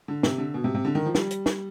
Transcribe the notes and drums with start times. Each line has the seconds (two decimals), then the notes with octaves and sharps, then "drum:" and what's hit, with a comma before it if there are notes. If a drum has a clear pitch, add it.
0.08 D3
0.23 C3, drum: snare
0.38 D3
0.54 B2
0.64 C3
0.74 C3
0.85 D3
0.95 D#3
1.05 F3
1.15 G3, drum: snare
1.31 drum: hi-hat
1.46 drum: snare